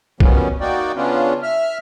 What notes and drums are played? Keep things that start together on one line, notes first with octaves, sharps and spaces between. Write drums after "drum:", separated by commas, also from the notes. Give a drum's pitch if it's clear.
B2 D#3 F3 G3 B3 C#4, drum: kick
A#3 D#4 F#4 D5 G5
C#3 B3 C#4 D4 F4
E5 F6